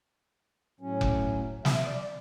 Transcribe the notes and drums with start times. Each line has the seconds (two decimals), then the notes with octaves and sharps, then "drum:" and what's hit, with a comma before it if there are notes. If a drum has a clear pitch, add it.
0.80 A2 F#3 C#4
1.01 drum: kick F1
1.65 E5, drum: snare
1.87 D5